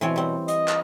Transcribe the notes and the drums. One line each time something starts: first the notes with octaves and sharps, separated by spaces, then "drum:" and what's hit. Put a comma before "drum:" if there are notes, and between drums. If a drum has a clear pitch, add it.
B2 E3 C4 C#5
G3 C4
D#5, drum: hi-hat
drum: clap